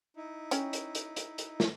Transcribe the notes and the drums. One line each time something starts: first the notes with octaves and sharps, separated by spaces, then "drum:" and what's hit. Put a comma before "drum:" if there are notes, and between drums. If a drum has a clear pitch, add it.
D#4 E4
C#4 G5, drum: hi-hat
drum: hi-hat
drum: hi-hat
drum: hi-hat
drum: hi-hat
drum: snare